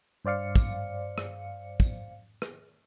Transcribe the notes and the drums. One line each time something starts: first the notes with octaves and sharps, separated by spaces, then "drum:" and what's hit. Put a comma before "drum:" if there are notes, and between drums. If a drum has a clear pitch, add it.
G2 C5 D5 F5 C#7
drum: kick, tambourine
drum: rim click
drum: kick, tambourine
drum: rim click